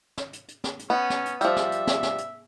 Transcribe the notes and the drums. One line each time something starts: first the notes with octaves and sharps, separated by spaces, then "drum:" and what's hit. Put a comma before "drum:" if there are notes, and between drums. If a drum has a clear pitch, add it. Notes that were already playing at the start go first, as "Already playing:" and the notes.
drum: snare
drum: hi-hat
drum: hi-hat
drum: snare
drum: hi-hat
B3 C#4
drum: snare
drum: hi-hat
F3 G3 E5, drum: hi-hat
drum: snare
drum: hi-hat
drum: snare
drum: snare
drum: hi-hat